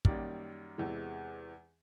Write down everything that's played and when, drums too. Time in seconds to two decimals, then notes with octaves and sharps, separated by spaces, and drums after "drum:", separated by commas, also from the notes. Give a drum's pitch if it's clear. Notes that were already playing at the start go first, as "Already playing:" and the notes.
0.05 F#2 D#3 G3 A#3 D5, drum: kick
0.78 E2 C3 E3 G#3